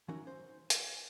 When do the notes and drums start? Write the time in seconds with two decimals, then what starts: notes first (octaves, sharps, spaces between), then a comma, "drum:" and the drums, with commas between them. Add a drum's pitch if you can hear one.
0.08 E3 C#4 D#4 F#4 A#4
0.27 C5
0.70 G#5, drum: hi-hat